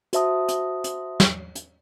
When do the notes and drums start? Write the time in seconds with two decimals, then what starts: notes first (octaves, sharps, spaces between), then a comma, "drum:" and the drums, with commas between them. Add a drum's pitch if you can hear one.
0.13 F#4 C5 E5 A5 D#6, drum: hi-hat
0.48 drum: hi-hat
0.84 drum: hi-hat
1.20 drum: snare
1.55 drum: hi-hat